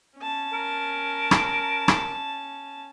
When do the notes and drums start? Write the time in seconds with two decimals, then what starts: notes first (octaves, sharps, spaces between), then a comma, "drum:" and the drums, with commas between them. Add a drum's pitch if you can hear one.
0.18 C#4 A5
0.53 A#4
1.31 drum: rim click
1.88 drum: rim click